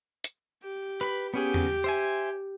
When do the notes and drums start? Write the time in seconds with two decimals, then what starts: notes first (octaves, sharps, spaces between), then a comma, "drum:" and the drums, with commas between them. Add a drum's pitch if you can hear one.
0.24 drum: hi-hat
0.63 G4
1.01 B4 B5
1.34 B3 C#4 G4 G#4
1.54 drum: tom E2
1.84 C5 E5 G#5